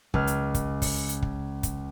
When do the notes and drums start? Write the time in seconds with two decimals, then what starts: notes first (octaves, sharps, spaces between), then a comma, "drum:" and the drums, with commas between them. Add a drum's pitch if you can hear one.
0.14 C#2 F6, drum: kick
0.27 drum: hi-hat
0.54 drum: kick, hi-hat
0.82 drum: kick, open hi-hat
1.09 drum: hi-hat
1.22 drum: kick
1.63 drum: kick, hi-hat